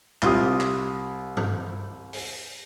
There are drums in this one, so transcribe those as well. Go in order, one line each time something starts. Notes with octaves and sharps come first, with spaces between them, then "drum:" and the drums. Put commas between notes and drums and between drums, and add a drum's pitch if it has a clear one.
C2 F4 G4 D#6, drum: clap
drum: clap
drum: tom G2
drum: open hi-hat